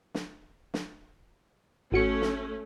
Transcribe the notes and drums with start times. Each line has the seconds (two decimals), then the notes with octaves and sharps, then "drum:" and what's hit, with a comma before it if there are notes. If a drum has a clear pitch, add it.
0.15 drum: snare
0.74 drum: snare
1.92 G#1 A3 C#4 F#4 C#7
2.22 drum: snare